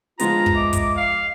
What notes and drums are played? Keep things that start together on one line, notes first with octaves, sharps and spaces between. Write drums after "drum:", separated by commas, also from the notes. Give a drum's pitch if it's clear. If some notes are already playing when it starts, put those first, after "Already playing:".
F3 G#3 B3 D4 F4 A#5, drum: hi-hat
drum: kick
D#5 E5 D6
drum: kick, hi-hat
F5